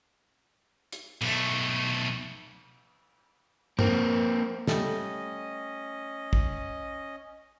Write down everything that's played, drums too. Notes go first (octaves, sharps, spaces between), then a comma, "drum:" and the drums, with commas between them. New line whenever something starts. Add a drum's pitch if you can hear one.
drum: hi-hat
B1 A3, drum: cymbal
A#3 C4, drum: tom
G3 A3 C#4 D#5, drum: snare
drum: kick